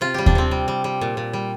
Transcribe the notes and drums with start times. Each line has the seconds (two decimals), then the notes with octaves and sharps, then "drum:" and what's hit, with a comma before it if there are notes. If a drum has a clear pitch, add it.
0.01 C3 F4
0.14 G3 G4
0.26 D4, drum: kick D#2
0.35 C3 C4
0.51 G3
0.68 G3
0.84 G3
1.01 A#2
1.17 A#2
1.33 G3